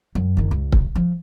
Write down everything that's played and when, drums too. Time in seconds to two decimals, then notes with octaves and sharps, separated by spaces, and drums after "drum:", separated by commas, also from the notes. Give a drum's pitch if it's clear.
0.15 F#2
0.37 F#1 D#3
0.51 C#2
0.72 drum: kick C#1
0.95 F3